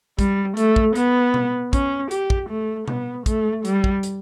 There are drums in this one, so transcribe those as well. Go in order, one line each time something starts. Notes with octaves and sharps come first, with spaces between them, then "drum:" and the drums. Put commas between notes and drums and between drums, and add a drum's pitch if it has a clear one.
G3, drum: kick, hi-hat
A3, drum: hi-hat
drum: kick
B3, drum: hi-hat
drum: tom B2
C#4, drum: kick, hi-hat
G4, drum: hi-hat
drum: kick
A3
B3, drum: tom B2
A3, drum: kick, hi-hat
G3, drum: hi-hat
drum: kick
drum: hi-hat